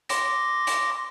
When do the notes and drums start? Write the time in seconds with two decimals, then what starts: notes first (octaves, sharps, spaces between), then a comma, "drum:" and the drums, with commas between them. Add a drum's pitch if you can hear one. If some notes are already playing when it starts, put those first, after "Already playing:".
0.09 C6 D6 A#6, drum: hi-hat
0.67 drum: hi-hat